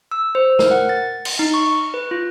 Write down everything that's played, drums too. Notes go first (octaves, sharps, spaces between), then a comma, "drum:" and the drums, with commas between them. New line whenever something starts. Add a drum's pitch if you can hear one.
E6
C5
A#4, drum: snare
F#5
A6
drum: cymbal
D#4
C#6
B4
F4